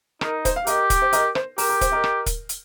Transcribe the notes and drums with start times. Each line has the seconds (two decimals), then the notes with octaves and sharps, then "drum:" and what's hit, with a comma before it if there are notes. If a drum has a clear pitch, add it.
0.21 D#4 A#4, drum: rim click
0.45 C5, drum: kick, hi-hat
0.56 F5
0.67 G4 A#4 D#5, drum: hi-hat
0.90 drum: kick, hi-hat
1.02 C5
1.13 A#4 D#5, drum: hi-hat
1.35 C5, drum: rim click
1.58 G4 A#4, drum: open hi-hat
1.69 A#4
1.81 C5, drum: kick, hi-hat
1.92 A#4 D#5
2.04 drum: rim click
2.26 drum: kick, hi-hat
2.49 drum: hi-hat